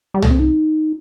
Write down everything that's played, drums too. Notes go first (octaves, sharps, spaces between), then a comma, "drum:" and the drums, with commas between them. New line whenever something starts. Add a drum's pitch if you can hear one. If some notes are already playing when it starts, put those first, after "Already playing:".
G3
A3, drum: tom
C4
D#4